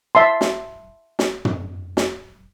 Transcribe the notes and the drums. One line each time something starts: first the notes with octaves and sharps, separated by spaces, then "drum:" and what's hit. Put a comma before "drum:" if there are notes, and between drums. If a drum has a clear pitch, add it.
E5 A5 C6
drum: snare
drum: snare
drum: tom
drum: snare